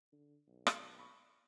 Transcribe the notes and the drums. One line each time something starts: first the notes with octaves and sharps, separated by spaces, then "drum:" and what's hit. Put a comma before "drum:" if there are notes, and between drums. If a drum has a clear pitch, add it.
D3
B1
drum: rim click
B5 C#6